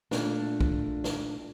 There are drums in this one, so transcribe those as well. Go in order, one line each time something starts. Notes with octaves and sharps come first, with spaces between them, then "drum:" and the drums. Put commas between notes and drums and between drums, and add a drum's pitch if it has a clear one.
A#2 A3 D4, drum: snare
drum: kick
drum: snare